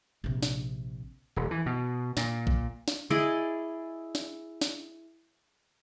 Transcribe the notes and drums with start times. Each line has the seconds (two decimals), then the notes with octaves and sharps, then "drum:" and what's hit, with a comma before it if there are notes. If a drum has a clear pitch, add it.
0.24 A#1 C3
0.43 drum: snare
1.36 D#1
1.51 E3
1.66 B2
2.17 A#2, drum: snare
2.47 drum: kick A#1
2.88 drum: snare
3.10 E4 G#4 D5 D#5
4.15 drum: snare
4.61 drum: snare